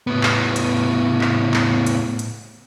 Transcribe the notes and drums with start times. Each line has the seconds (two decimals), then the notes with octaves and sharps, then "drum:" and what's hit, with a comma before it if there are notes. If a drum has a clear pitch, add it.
0.07 A2 B3
0.23 drum: clap
0.56 drum: hi-hat
1.21 drum: clap
1.54 drum: clap
1.86 drum: hi-hat
2.19 drum: hi-hat